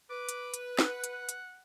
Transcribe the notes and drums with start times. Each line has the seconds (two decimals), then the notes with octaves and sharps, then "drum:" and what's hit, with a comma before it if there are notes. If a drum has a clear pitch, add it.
0.10 B4 D6
0.29 drum: hi-hat
0.54 drum: hi-hat
0.79 F#5, drum: snare
1.04 drum: hi-hat
1.29 drum: hi-hat